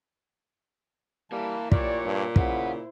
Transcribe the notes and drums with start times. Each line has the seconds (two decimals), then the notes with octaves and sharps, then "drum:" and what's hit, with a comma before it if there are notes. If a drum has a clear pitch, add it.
1.32 E3 G3 A#3 A5
1.72 A#2 G4 C#5 D5, drum: kick
2.05 G2
2.36 C#3 E4 B4 C5 F#5, drum: kick